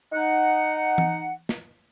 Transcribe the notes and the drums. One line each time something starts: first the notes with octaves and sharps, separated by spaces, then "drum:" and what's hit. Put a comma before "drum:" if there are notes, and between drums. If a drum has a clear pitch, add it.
D#4 F#5
drum: tom E3
drum: snare